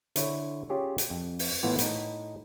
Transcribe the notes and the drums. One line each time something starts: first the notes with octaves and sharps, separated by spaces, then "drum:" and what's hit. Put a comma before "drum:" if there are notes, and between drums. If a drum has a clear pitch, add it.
D3 E4 C#5, drum: hi-hat
C#4 F4 G4 G#4 C#5
drum: hi-hat
F2
drum: open hi-hat
A2 E3 B3 F4
A2 D#4, drum: hi-hat